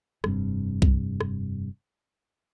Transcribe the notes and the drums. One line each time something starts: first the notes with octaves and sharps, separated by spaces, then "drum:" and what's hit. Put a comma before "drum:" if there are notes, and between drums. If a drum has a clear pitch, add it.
F1 G2 C3, drum: rim click
drum: kick C2
drum: rim click